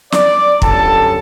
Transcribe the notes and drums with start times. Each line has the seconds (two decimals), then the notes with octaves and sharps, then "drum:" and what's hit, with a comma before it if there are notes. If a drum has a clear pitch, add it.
0.12 D5, drum: snare
0.62 G1 F#2 A4 A5, drum: kick